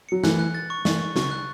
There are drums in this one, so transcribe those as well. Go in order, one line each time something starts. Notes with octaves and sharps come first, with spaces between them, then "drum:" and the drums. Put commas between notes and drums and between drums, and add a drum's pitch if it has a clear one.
F#3 C#7
E3 A3 F#6, drum: snare
F#6
A6
C#6
E3 A3 C#6, drum: snare
C#6
C#3 F#3 C#6, drum: snare
F#6